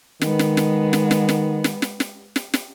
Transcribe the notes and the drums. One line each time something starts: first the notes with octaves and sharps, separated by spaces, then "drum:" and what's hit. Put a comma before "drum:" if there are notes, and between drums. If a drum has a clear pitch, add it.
D#3 G#3 B3, drum: snare
drum: snare
drum: snare
drum: snare
drum: snare
drum: snare
drum: snare
drum: snare
drum: snare
drum: snare
drum: snare